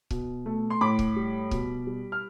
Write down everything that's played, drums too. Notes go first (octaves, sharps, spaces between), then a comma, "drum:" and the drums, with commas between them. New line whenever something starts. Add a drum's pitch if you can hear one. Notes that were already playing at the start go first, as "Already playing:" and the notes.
B2, drum: kick C#1
A3
C6
A2 B5 D6
drum: kick C#1
G3
B2, drum: kick C#1
G3
F6